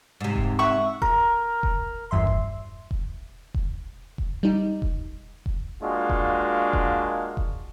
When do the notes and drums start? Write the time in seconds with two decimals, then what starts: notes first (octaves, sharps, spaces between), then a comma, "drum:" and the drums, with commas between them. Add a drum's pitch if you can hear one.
0.21 G#2 C3
0.36 drum: kick E1
0.59 E5 F#5 C#6
1.02 A#4, drum: kick E1
1.63 drum: kick E1
2.11 G1 E2 G2 E5 C6
2.27 drum: kick E1
2.91 drum: kick E1
3.54 drum: kick E1
4.18 drum: kick E1
4.43 G3 D#4
4.82 drum: kick E1
5.46 drum: kick E1
5.83 G#3 A#3 D4 F4 F#4
6.10 drum: kick E1
6.73 drum: kick E1
7.37 drum: kick E1